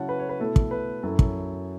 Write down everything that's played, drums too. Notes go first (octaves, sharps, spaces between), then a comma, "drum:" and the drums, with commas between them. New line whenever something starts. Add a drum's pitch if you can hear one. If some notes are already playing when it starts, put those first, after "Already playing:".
Already playing: C#3 F#3 C#4 E4 F#5 A5
B4
C#5
B4
B2 A3 E4 A4
drum: kick
B4
F#2 F#3 C#4 E4 A4
drum: kick